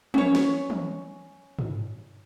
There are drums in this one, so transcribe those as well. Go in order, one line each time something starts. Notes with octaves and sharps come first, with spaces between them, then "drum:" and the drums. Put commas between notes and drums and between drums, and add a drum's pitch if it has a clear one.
C#4 C#5, drum: tom
drum: snare
drum: tom
drum: tom